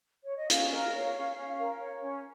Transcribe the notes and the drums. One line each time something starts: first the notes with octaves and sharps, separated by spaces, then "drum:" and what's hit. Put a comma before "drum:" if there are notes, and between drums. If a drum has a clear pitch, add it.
C#5
D#5
C#4 F5, drum: hi-hat
A#4
C#5
C#4
C#4
A#4
C#5
C#4